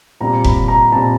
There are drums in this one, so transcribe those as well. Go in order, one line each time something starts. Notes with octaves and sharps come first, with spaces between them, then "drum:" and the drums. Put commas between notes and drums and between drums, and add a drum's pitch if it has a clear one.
A#2 G3 C4 A#5
B5, drum: kick F1
A#5
A#2 G3 C4 A5